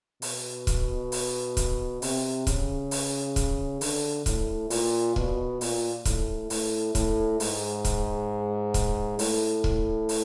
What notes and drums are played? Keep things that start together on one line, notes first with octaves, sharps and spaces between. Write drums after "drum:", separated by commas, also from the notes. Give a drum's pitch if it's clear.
B2, drum: open hi-hat
drum: kick, hi-hat
drum: open hi-hat
drum: kick, hi-hat
C3, drum: open hi-hat
C#3, drum: kick, hi-hat
drum: open hi-hat
drum: kick, hi-hat
D3, drum: open hi-hat
A2, drum: kick, hi-hat
A#2, drum: open hi-hat
B2, drum: kick
A#2, drum: open hi-hat
A2, drum: kick, hi-hat
A2, drum: open hi-hat
A2, drum: kick, hi-hat
G#2, drum: open hi-hat
drum: kick, hi-hat
drum: kick, hi-hat
A2, drum: open hi-hat
drum: kick
drum: open hi-hat